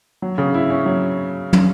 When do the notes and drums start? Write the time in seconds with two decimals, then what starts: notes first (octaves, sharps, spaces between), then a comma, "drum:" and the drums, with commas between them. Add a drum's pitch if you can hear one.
0.22 F#3
0.38 C#3
0.54 E4
0.70 C#4
0.86 F#3
1.53 drum: tom